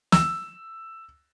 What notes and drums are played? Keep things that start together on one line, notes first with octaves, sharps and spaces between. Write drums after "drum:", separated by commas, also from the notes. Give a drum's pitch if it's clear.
E6, drum: snare